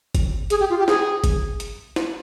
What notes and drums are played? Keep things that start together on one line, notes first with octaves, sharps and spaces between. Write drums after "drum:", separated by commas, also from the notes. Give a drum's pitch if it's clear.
drum: kick, hi-hat
G#4, drum: hi-hat
G4
F4
G4
G#4, drum: snare
drum: kick, hi-hat
drum: hi-hat
drum: snare